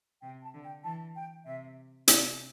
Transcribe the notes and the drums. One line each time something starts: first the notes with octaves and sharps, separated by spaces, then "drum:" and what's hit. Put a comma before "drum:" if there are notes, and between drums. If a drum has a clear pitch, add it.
C3 G5
A5
D3
G5
E3 A5
G5
C3 E5
C3 D5, drum: hi-hat